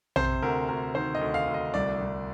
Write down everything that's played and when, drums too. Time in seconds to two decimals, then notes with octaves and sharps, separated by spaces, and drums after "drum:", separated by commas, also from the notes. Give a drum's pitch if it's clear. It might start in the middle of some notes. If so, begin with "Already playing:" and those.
0.16 C3 C5, drum: tom A#1
0.42 D2 A#4
0.69 D2 A#4
0.95 D#3 C5
1.15 D#5
1.21 D2
1.34 F5
1.48 D2
1.54 D#5
1.74 C2 D5
2.01 C2